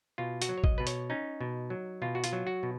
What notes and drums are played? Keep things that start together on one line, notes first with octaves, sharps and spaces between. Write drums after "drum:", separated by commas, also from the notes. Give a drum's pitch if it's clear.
B2 F4
F#4, drum: hi-hat
F#3
C#5
D#5, drum: kick
B2 B4
C#5, drum: hi-hat
C#4 D#4
B2
F#3
B2 F4
F#4
F4, drum: hi-hat
F#3
F#4
B2